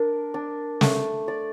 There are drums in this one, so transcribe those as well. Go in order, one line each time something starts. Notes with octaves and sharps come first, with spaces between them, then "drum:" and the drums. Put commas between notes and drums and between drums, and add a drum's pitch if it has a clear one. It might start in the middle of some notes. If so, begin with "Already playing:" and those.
Already playing: D4 A#4
D4
A3, drum: snare
D5